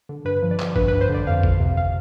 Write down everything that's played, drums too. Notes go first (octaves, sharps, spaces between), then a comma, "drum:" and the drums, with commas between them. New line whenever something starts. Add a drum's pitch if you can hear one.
D3
G2 B4
F3
D5
F3, drum: clap
G2 B4, drum: kick G#1
G2 B4
C5
D3 D5
F2 F5
F2, drum: kick G#1
C3
F5